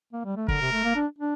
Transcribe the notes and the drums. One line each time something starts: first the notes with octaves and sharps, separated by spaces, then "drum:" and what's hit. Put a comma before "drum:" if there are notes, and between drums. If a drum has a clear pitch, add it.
A#3
G3
A3
D3 A#4, drum: kick
C3
A3
A#3
D4
D4